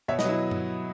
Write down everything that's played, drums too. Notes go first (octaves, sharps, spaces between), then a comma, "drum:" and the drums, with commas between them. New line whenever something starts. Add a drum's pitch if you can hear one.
B2 C#5 E5
B4 D#5, drum: snare
F#3 E4
drum: tom G2